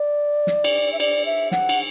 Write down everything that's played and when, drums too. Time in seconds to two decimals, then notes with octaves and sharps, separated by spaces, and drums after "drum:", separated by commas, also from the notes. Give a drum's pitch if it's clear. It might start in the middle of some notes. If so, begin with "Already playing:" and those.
Already playing: D5
0.47 drum: snare
0.64 drum: cymbal
0.93 E5
1.00 D5, drum: cymbal
1.26 E5
1.51 F#5, drum: snare
1.69 drum: cymbal